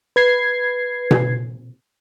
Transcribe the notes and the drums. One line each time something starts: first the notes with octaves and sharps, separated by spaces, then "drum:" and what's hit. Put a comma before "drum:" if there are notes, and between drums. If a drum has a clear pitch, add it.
B4 G#6 C7
drum: tom B2